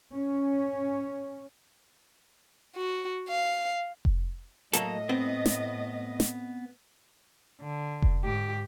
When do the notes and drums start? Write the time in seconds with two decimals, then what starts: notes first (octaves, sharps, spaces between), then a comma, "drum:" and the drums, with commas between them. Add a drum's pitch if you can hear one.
0.15 C#4
2.76 F#4
3.30 F5
4.05 drum: kick F1
4.73 A2 F#3 A#3 A4 D#5, drum: hi-hat
5.09 B3 C4
5.46 drum: snare
6.20 drum: snare
7.62 D3
8.02 drum: kick F1
8.23 G#2 G4